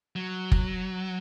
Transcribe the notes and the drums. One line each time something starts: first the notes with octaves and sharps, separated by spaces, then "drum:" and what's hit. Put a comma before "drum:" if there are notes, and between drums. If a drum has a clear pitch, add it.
F#3
drum: kick